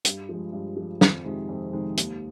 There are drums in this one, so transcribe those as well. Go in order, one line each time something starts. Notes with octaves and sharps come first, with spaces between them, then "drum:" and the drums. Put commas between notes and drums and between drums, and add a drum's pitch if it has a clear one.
G2, drum: hi-hat
F3 G#3
G2
F3 G#3
F2, drum: snare
C3 D#3 G#3
F2
C3 D#3 G#3
D#2, drum: hi-hat